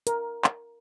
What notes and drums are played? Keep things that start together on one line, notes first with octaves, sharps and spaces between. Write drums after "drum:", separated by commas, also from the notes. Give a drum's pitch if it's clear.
A#4, drum: hi-hat
drum: clap